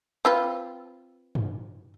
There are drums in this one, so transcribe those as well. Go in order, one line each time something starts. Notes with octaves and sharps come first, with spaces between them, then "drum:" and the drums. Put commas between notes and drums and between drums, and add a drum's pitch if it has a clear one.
C4 F4 B4
drum: tom G2